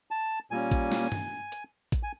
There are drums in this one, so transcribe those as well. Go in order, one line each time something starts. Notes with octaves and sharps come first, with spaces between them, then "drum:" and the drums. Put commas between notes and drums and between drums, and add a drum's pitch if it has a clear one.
A5
A#2 G3 A#3 C#4 G#5
drum: kick A1, hi-hat
drum: snare
drum: tom G2
drum: hi-hat
drum: kick A1, hi-hat
G#5